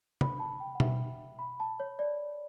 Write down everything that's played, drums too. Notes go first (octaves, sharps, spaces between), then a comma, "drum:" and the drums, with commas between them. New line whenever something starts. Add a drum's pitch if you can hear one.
B5, drum: tom C3
A5
G5
F#5
E5, drum: tom B2
B5
A5
C#5
D5